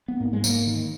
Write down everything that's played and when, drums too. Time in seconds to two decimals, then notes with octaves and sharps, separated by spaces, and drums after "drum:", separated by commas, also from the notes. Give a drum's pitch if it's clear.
0.08 B3
0.20 G#2 A#3
0.33 G#3
0.44 A#3, drum: tambourine
0.67 D#3